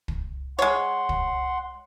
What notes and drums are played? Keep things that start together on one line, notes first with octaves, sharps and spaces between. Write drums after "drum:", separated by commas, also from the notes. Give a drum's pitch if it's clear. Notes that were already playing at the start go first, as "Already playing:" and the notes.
drum: kick
G#3 C#5 F#5 C6
drum: kick